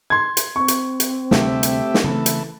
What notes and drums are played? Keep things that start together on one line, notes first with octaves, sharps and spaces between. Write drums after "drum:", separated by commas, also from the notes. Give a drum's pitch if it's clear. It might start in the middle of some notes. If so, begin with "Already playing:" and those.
C6 G#6
drum: hi-hat
C4 C#6
drum: hi-hat
drum: hi-hat
D2 C3 G3 A3 G4 E5, drum: snare
drum: hi-hat
drum: snare
C#3 E3 A3 A4
drum: hi-hat